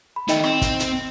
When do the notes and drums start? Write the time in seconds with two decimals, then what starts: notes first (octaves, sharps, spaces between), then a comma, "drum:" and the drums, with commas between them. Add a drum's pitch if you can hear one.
0.16 B5
0.28 D#3 A3 D#4 D#5 G5, drum: hi-hat
0.44 C4, drum: rim click
0.62 drum: kick, hi-hat
0.80 drum: hi-hat